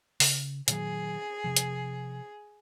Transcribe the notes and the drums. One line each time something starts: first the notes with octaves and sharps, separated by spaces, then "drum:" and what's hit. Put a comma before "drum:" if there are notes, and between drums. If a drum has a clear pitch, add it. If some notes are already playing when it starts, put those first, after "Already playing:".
C#3, drum: open hi-hat
A#2 D#3 F#3 G#4, drum: hi-hat
C3 F3
drum: hi-hat